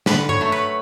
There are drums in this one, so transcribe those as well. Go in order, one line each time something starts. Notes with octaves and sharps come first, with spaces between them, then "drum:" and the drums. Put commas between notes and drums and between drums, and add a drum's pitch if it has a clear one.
D3 B4, drum: snare
C#5, drum: tom G2
F#3 A3
B4